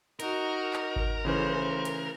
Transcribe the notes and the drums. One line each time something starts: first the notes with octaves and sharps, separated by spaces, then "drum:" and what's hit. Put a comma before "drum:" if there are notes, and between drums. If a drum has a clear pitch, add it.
D#4 F#4 A#4, drum: hi-hat
drum: clap
drum: kick G#1
C#3 E3 A3 C#4 C5
drum: hi-hat